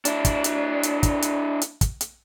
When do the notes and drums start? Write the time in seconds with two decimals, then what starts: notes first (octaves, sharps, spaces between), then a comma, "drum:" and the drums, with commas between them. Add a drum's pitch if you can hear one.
0.05 D4 E4, drum: hi-hat
0.25 drum: kick, hi-hat
0.44 drum: hi-hat
0.83 drum: hi-hat
1.03 drum: kick, hi-hat
1.22 drum: hi-hat
1.62 drum: hi-hat
1.81 drum: kick, hi-hat
2.01 drum: hi-hat